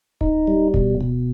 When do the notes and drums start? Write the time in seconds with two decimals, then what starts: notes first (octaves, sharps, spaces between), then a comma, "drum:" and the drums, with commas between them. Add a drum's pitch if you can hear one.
0.21 D#4, drum: kick D1
0.47 G3
0.74 B2, drum: kick D1
1.01 B2